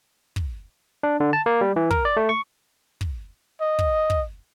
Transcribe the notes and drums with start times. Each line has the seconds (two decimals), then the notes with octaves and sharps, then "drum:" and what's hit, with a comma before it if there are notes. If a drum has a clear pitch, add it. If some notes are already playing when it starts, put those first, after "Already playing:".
0.36 drum: kick
1.03 D4
1.20 D3
1.33 A5
1.46 A#3
1.61 G3
1.76 E3
1.91 A#4, drum: kick
2.05 D5
2.17 A3
2.29 C#6
3.01 drum: kick
3.61 D#5
3.79 drum: kick
4.10 drum: kick